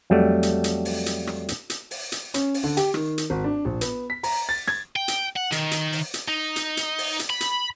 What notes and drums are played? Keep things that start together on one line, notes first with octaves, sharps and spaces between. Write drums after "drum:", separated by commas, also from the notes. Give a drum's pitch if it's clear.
F2 F#3 G3 A3
drum: hi-hat
drum: hi-hat
drum: open hi-hat
drum: hi-hat
drum: rim click
drum: hi-hat
drum: hi-hat
drum: open hi-hat
drum: hi-hat
C#4, drum: hi-hat
drum: open hi-hat
D3
G4, drum: hi-hat
D#3, drum: rim click
drum: hi-hat
G#1
D4
A#1
B3, drum: hi-hat
B6
A#5, drum: open hi-hat
A6
G#6, drum: rim click
G5
drum: hi-hat
F#5
D#3, drum: hi-hat
drum: hi-hat
drum: open hi-hat
drum: hi-hat
D#4
drum: hi-hat
drum: hi-hat
drum: open hi-hat
drum: hi-hat
B5
drum: hi-hat